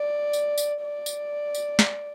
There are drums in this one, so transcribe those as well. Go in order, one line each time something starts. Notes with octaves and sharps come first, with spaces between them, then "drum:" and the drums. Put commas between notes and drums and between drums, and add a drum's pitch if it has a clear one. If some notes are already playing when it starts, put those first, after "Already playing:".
Already playing: D5
drum: tambourine
drum: tambourine
D5
drum: tambourine
drum: tambourine
drum: snare